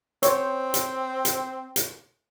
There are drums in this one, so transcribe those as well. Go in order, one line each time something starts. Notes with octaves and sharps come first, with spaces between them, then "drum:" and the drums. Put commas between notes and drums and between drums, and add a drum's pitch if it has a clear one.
C4 C5 C#5, drum: hi-hat
drum: hi-hat
drum: hi-hat
drum: hi-hat